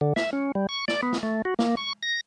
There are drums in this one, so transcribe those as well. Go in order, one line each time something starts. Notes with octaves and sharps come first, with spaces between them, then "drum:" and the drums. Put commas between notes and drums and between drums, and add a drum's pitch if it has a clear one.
D3
E5, drum: snare
C#4
G3
C#6
D5, drum: snare
B3
drum: snare
A3
F#4
A#3, drum: snare
C#6
A#6